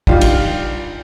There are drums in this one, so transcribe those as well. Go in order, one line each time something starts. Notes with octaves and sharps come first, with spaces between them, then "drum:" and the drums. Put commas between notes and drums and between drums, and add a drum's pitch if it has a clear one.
G3 D4 D#4 F4 G4 F5, drum: kick
drum: cymbal